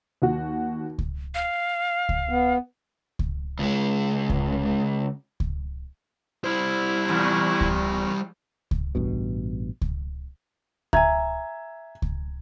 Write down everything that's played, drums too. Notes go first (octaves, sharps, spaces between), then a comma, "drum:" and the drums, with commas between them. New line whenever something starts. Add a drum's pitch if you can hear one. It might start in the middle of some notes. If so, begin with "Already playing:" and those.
D#2 F#4
drum: kick C#2
F5
drum: kick C#2
B3
drum: kick C#2
C#2 G#3
drum: kick C#2
drum: kick C#2
G3 E4 C5
E2 A#2
drum: kick C#2
drum: kick C#2
A1 G2 B2
drum: kick C#2
E5 G#5 A#5 G#6, drum: kick C#2
drum: kick C#2